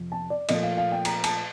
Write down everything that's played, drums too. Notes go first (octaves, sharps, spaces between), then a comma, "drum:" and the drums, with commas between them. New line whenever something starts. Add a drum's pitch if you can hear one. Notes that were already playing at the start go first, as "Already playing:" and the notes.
Already playing: F2 C3 F3
A5
D5
A#2 F3 A3 D#5, drum: cymbal
F5
F5
G5
A#5, drum: cymbal
A5, drum: cymbal